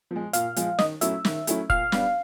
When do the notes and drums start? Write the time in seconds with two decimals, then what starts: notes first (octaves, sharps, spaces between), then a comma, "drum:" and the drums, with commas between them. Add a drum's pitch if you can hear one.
0.11 F3
0.16 G#3
0.33 A#2 F5, drum: hi-hat
0.56 F3 G#3, drum: hi-hat
0.79 D#3 D#5, drum: snare
1.01 F#3 A3 C#4 E4 E5, drum: hi-hat
1.25 D#3, drum: snare
1.47 F#3 A3 C#4 E4, drum: hi-hat
1.70 A#2 F5, drum: kick F1
1.92 G3 B3 D4, drum: snare